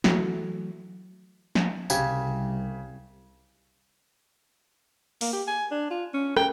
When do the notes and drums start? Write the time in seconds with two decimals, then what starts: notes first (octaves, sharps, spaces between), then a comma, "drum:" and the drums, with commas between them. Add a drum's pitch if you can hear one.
0.04 E3 F#3 A3, drum: snare
1.55 drum: snare
1.90 C2 C#3 G4 G#6, drum: tambourine
5.21 A#3, drum: open hi-hat
5.33 G4
5.47 G#5
5.71 D4
5.90 F4
6.14 C#4
6.37 G5, drum: rim click